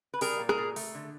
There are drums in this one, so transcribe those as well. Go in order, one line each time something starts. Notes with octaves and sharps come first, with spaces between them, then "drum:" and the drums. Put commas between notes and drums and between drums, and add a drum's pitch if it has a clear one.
B4
G3 G#4 A#4, drum: open hi-hat
A#2
G#4 A#4, drum: rim click
A#2
A3, drum: open hi-hat
D3